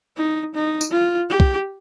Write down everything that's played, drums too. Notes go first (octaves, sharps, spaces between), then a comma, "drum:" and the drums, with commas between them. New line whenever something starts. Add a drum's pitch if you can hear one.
D#4
D#4
drum: tambourine
F4
G4
drum: kick